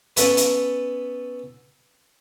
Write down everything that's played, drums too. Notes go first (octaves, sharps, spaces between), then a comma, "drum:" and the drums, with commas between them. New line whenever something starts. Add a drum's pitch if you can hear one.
B3 C#4 A4 B4, drum: hi-hat
drum: hi-hat